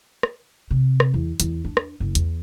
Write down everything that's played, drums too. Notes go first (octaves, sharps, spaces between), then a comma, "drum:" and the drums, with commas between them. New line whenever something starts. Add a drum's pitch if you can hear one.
drum: rim click
C3
drum: rim click
E2
E2, drum: hi-hat
D4
drum: rim click
F#1
E2, drum: hi-hat